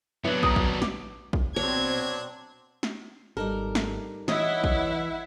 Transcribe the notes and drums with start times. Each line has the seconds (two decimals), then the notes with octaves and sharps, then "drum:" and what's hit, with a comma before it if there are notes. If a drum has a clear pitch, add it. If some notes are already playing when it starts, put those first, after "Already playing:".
0.25 F#3 B3 D4 E4
0.43 A#5 D#6, drum: kick
0.56 drum: kick
0.82 D6, drum: snare
1.33 drum: kick
1.56 B2 F#3 C4 D4 C#5 G#6
2.83 drum: snare
3.37 G#1 G3 D#4 A4 A#4
3.75 drum: snare
4.28 E3 E4 C#5 D#5 E5 F#5, drum: snare
4.64 drum: kick